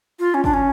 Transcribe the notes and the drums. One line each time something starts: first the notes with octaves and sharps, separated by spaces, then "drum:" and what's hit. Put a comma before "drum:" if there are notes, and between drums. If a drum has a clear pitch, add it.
F4
C#4
D4, drum: kick
C#4